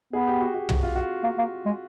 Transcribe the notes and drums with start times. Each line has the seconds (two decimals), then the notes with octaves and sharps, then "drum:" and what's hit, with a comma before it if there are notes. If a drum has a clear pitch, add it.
0.13 B3 G#4
0.27 G4
0.41 F#4
0.54 F#4
0.69 F#4, drum: tom
0.83 F4
0.95 F#4
1.24 A#3
1.38 A#3
1.66 G#3